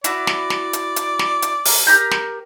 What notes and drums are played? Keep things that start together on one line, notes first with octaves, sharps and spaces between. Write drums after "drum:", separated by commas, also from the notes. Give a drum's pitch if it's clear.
E4 F#4 D5, drum: hi-hat
drum: snare
drum: snare
drum: hi-hat
drum: hi-hat
drum: snare
drum: hi-hat
drum: open hi-hat
G4 A#4 G6
drum: snare